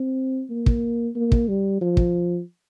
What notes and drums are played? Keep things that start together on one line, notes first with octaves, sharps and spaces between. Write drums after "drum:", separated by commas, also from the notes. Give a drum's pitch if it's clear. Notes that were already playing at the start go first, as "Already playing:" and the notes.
Already playing: C4
A#3
drum: kick
A#3
drum: kick
G3
F3
drum: kick